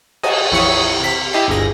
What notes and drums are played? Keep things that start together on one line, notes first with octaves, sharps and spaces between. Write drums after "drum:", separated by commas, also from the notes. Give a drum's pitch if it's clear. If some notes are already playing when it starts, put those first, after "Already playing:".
D#5 G#5 A5 D#6, drum: cymbal
A#1 F2 E3 C#5 D#6 C#7
C3 B6
E4 G4 D#5 A5 C7
G1 D2 A#2 G#4 A#6